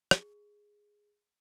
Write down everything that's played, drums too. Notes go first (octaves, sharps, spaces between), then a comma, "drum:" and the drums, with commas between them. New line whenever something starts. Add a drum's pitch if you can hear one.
G#4, drum: rim click